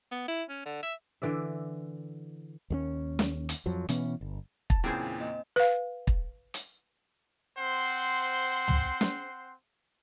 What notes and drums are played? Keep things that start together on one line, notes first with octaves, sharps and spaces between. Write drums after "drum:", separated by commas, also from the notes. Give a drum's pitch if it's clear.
B3
E4
C#4
D3
E5
D3 E3 D5 E5
D#2 G3 C#4
drum: snare
drum: hi-hat
F2 F3 F#3
B2 E3 B3 C#4, drum: hi-hat
G1
A5, drum: kick
E2 A#2 C#3 C4 E4 G#4 C5 G5
A#3 D#5
B4 F5
drum: kick
drum: hi-hat
C4 C5 F#5 C6
drum: tom
drum: snare